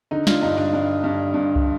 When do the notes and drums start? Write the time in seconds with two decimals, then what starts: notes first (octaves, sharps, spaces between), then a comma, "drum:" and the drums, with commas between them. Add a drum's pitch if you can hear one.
0.11 D3 D#4
0.27 D4 F4, drum: snare
0.42 G2 D#4
0.57 D4
0.73 G2
1.04 G2
1.34 G2
1.56 drum: kick